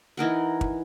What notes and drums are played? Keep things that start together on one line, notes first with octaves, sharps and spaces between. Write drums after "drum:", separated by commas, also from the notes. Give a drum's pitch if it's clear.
E3 D#4 A#4 F#5
drum: kick